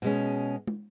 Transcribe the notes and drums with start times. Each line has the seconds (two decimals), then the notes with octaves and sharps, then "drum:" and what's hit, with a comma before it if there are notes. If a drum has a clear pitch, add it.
0.02 B2 G#3 C#4
0.67 drum: tom